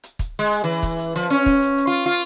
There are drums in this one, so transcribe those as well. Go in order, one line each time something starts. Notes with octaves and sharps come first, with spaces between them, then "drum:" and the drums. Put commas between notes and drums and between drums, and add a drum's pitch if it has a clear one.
drum: hi-hat
drum: kick, hi-hat
G#3
drum: hi-hat
E3
drum: kick, hi-hat
drum: hi-hat
F3, drum: hi-hat
C#4
drum: kick, hi-hat
drum: hi-hat
drum: hi-hat
F4
F4